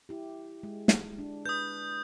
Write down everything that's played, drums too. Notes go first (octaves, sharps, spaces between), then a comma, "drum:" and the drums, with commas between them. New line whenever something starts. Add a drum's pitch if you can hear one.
E4 G4
G#3
drum: snare
D4
B4 D#6 G6